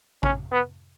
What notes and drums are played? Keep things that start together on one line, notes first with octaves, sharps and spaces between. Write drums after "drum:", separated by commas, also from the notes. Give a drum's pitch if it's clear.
C#4, drum: kick
B3